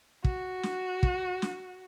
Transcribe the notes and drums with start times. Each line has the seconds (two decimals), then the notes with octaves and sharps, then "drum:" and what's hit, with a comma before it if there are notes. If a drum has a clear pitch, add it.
0.24 F#4, drum: kick
0.63 drum: snare
1.03 drum: kick
1.42 drum: snare